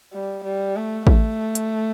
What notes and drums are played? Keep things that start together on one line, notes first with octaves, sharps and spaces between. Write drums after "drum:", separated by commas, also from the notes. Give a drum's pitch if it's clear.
G3
G3
A3
A3, drum: kick A1
drum: hi-hat